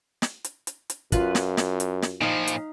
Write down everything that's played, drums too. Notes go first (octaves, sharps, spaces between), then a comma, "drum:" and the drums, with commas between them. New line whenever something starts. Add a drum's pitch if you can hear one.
drum: snare
drum: hi-hat
drum: hi-hat
drum: hi-hat
F#2 F4 B4, drum: kick, hi-hat
drum: snare
drum: snare
drum: hi-hat
drum: snare
A#2 F3 D#4 F5
drum: hi-hat